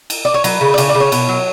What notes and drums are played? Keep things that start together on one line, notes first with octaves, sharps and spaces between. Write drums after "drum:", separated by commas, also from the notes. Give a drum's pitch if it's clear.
drum: cymbal
D5
C#5
F#3 B4, drum: cymbal
C#3
D5
C#3 C#5, drum: cymbal
D5
C#3
C#5
B2, drum: cymbal
F#3